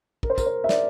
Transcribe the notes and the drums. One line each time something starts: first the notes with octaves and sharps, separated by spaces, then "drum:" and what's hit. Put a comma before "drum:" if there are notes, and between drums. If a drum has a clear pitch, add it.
A#4, drum: kick
C5
A#4, drum: kick, tambourine
C5
E5
D5, drum: snare